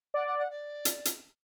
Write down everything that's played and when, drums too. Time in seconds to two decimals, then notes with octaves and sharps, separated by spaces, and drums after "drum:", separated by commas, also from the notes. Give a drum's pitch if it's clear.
0.14 D5 F#5
0.27 F#5
0.38 F#5
0.50 D5
0.85 drum: hi-hat
1.05 drum: hi-hat